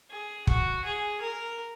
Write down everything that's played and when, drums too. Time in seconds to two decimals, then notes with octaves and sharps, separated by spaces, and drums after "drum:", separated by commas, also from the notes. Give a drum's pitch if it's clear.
0.10 G#4
0.47 F#4, drum: kick
0.84 G#4
1.21 A#4